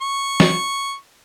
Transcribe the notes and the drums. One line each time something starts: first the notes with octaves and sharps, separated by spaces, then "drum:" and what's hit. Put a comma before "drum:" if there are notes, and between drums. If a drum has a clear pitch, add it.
C#6
drum: snare